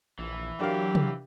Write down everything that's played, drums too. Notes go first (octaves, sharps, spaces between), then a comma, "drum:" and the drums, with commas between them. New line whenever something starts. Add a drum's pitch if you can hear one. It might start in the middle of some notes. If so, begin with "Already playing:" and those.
A#1 E3
F#3 D4 G4 A#4 F5
drum: tom C3